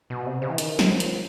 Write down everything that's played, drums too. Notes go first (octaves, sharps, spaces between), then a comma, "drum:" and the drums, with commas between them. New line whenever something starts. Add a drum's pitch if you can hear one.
B2
C3
C#3
E3
D#3, drum: hi-hat
F#3, drum: snare
F3
drum: hi-hat